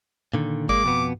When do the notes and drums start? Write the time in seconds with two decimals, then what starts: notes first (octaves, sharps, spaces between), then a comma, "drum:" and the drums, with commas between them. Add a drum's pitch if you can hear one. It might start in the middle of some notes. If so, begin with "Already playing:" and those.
0.34 A#2 D3 D#3
0.69 G#3 A#3 D6, drum: kick G1
0.84 F2 B2 B3